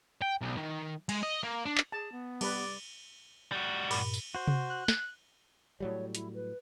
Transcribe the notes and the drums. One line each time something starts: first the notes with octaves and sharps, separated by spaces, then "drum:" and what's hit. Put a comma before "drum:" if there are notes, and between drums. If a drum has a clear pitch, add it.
G5
B1
D#3
G#3, drum: cymbal
D#5
A#3
D4
drum: clap
G#4 A5
B3
G3 B4 D5, drum: cymbal
G3 F#4
G2 A#2, drum: cymbal
drum: tambourine
F#4 C5
drum: tom C3
F#6
drum: snare
A2 F#3 G3 C#5
E4, drum: hi-hat
B4